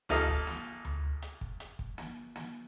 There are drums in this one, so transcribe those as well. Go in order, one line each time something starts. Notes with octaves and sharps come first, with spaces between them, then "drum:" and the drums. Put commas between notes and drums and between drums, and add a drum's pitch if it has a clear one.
G#1 F3 D#4 A4 D#5 F5, drum: tom D2
drum: kick
drum: snare
drum: tom D2
drum: hi-hat
drum: kick
drum: hi-hat
drum: kick
drum: snare
drum: snare